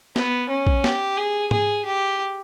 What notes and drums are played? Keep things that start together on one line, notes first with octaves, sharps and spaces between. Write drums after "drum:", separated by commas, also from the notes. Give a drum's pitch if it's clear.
B3, drum: snare
C#4
drum: kick A#1
G4, drum: snare
G#4
G#4, drum: tom G#2
G4